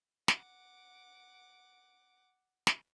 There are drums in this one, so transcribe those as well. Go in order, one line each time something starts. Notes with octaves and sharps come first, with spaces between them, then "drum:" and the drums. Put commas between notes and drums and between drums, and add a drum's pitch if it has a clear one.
F#5 D6, drum: snare
drum: snare